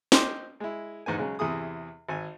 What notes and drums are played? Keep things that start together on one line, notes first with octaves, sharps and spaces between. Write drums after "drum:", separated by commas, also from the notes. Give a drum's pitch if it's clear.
D#5 G5 C6 D6, drum: snare
G#3 E4
E2 G#2 B3 G#5
C#3 F#3 G#3
E2 C3 E4 G#4 D#6
G#1 G#5